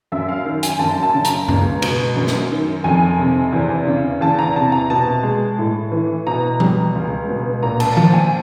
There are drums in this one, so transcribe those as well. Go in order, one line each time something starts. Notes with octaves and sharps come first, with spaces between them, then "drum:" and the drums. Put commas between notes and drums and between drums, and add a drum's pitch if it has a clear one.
F#2 E5
F5
D#3
G#5, drum: hi-hat
F#2 A5
A5
C#3
A#5, drum: hi-hat
C#2, drum: tom F#2
B2, drum: cymbal
F#2
drum: snare
D#3
F2 G#5
C3
E2
C#3
E2 A5
A#5
C3 A5
A#5
B2 A5
G#3
A2
E3
B2 A#5
G3, drum: tom E3
C#2
B2
A#2 A#5
A5, drum: cymbal
F3 A5, drum: tom D#3
G#5